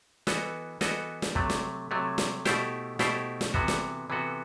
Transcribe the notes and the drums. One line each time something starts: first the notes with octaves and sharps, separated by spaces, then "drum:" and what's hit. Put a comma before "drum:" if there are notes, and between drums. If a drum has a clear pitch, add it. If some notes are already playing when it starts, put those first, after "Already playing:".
E3 B3 F#4 A4 D#5, drum: snare
E3 B3 F#4 A4 D#5, drum: snare
drum: snare
C3 F#3 A3, drum: kick
drum: snare
C3 F#3 A3
drum: snare
B2 A3 E4 G4 C5, drum: snare
B2 A3 E4 G4 C5, drum: snare
drum: snare
C3 E3 B3 F#4 A4, drum: kick
drum: snare
C3 E3 B3 F#4 A4